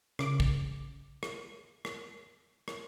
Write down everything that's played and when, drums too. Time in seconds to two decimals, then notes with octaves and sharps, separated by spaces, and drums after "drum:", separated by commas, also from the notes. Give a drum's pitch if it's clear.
0.19 C#3 D6, drum: rim click
0.40 drum: kick
1.23 drum: rim click
1.85 drum: rim click
2.68 drum: rim click